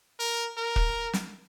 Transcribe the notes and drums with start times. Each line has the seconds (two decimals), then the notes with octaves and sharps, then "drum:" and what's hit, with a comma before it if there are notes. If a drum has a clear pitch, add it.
0.19 A#4
0.57 A#4
0.76 drum: kick
1.13 drum: snare